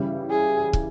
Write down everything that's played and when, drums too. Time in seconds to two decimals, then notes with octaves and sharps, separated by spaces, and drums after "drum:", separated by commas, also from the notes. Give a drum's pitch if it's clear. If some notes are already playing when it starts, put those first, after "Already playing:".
Already playing: C#3 E3 G3 C#4 E4
0.30 G#4
0.73 drum: kick